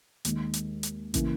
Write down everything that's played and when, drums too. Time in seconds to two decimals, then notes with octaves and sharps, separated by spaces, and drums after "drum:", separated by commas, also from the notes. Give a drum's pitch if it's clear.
0.25 D#2 D#3 G#3, drum: hi-hat
0.54 drum: hi-hat
0.83 drum: hi-hat
1.14 C#3 E3 A#3 E4, drum: kick A1, hi-hat